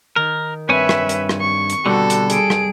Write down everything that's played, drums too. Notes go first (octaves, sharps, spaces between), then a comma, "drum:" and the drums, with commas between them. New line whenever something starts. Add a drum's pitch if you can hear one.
D#3 A#4
G2 C4 B4 C#5 E5 G#5
drum: rim click
drum: hi-hat
drum: rim click
C#6
drum: hi-hat
B2 D3 G3 F#4 A4
drum: hi-hat
G#4 D7, drum: hi-hat
drum: rim click